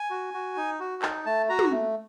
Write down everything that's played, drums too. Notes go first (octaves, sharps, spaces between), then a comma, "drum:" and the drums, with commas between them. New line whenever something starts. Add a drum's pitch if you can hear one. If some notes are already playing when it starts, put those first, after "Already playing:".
Already playing: G#5
F#4
F#4
D#4
F#4
D#4, drum: clap
A3 A5
F#4 A#5
drum: tom
A3